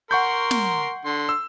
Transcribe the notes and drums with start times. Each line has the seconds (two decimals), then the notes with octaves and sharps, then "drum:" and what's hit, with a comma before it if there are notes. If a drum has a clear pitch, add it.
0.11 A#4 F#5 C6 C#6 G6
0.51 drum: snare
1.05 D3 C6
1.29 E6